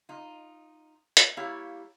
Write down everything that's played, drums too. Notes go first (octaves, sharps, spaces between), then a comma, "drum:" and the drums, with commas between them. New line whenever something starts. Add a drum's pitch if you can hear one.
D#4 F4
drum: hi-hat
G3 A#3 E4 G4 C#5 F5